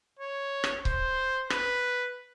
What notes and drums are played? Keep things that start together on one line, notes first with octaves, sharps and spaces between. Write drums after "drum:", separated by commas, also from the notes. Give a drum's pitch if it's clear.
C#5
drum: rim click
C5, drum: kick C#1
B4, drum: rim click